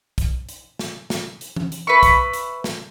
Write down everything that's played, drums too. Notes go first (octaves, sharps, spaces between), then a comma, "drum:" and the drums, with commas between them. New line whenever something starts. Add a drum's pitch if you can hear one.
drum: kick, hi-hat
drum: hi-hat
drum: snare
drum: snare
drum: hi-hat
drum: tom E3
drum: hi-hat
B4 E5 C#6
drum: kick, hi-hat
drum: hi-hat
drum: snare